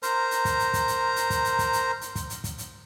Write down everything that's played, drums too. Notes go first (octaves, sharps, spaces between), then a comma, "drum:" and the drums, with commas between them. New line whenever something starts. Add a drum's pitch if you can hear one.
A#4 C5 A#5, drum: hi-hat
drum: hi-hat
drum: kick, hi-hat
drum: hi-hat
drum: kick, hi-hat
drum: hi-hat
drum: hi-hat
drum: kick, hi-hat
drum: hi-hat
drum: kick, hi-hat
drum: hi-hat
drum: hi-hat
drum: kick, hi-hat
drum: hi-hat
drum: kick, hi-hat
drum: hi-hat